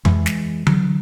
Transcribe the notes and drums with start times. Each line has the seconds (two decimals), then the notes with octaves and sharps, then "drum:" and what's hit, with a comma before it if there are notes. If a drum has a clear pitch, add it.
0.05 E3 G#3, drum: tom F2
0.26 drum: snare
0.67 D3 F#3, drum: tom E3